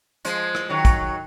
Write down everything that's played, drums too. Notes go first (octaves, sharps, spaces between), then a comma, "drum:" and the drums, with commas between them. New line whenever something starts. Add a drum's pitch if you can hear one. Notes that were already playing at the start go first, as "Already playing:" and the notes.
F3 G#3, drum: hi-hat
drum: rim click
D#3 F#3
drum: kick, hi-hat